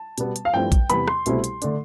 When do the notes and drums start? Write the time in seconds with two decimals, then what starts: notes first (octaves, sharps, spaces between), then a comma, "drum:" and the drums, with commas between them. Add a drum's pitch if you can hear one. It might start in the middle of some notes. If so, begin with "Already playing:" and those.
Already playing: A5
0.18 B2 G3 B3, drum: hi-hat
0.36 drum: hi-hat
0.45 F5
0.54 G2 F3 A3 C4 E4 G5
0.72 drum: kick A#1, hi-hat
0.90 E2 C3 E3 B3 B5, drum: hi-hat
1.08 C6, drum: rim click
1.26 C2 B2 A3 C4 E4, drum: hi-hat
1.44 drum: hi-hat
1.62 D3 A3 D4, drum: hi-hat